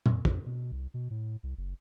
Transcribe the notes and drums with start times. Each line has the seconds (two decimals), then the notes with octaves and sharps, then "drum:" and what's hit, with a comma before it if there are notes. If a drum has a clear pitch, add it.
0.06 F2, drum: tom
0.25 F2, drum: kick
0.46 B2
0.72 C2
0.94 B2
1.10 A2
1.43 C2
1.57 F#1